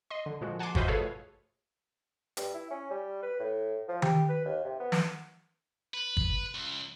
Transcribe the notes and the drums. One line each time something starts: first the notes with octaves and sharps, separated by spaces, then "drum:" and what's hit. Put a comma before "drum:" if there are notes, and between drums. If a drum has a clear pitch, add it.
D#5 C6
D3
A#2 F3 G#3 F#4
F#5 G#5 A5 C6 D6
F4 F#4 B4 C5 D#5 E5, drum: kick G1
A3 G#4 A4 B4 C#5 F5
G2, drum: hi-hat
E4
C#4
G3
B4
A2
F3
G4, drum: tom D#3
B4
D#2
C3
B3
drum: snare
B4
drum: kick G1
C#2